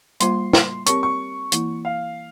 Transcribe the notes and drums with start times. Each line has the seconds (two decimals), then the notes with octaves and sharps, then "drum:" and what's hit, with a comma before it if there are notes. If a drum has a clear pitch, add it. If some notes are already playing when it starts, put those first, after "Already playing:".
0.20 G3 A#3 F4 C5 C6, drum: hi-hat
0.53 drum: snare
0.86 C4 G4 A#4 C#5 C#6, drum: hi-hat
1.03 C#6
1.52 E3 A#3 E4, drum: hi-hat
1.85 F5